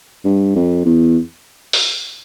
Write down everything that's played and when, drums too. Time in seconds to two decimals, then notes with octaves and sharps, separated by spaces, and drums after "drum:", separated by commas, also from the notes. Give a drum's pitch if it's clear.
0.25 G2
0.56 F2
0.85 E2
1.73 drum: open hi-hat